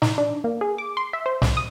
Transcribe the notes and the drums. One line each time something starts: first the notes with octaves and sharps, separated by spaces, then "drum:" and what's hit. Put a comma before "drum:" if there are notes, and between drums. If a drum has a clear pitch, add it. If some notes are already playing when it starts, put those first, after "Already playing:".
D#4, drum: snare
D4
A#3
G#4
D6
C6
E5
C5
C2, drum: snare
D#6